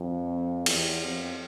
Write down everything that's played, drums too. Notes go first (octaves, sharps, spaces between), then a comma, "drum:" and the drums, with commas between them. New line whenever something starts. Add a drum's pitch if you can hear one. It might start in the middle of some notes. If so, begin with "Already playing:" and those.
Already playing: F2
E2, drum: cymbal
F2